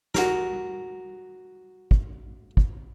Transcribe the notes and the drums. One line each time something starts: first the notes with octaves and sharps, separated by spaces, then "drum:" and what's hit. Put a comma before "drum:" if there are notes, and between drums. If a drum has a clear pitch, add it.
F#4 A#4, drum: snare
drum: kick
drum: kick